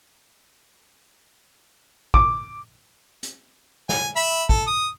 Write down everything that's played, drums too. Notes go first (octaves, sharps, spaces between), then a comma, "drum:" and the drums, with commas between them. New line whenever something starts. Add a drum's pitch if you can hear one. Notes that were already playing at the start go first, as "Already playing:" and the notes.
D6, drum: kick
drum: hi-hat
G#5, drum: snare
E5 B5
A4, drum: kick
D#6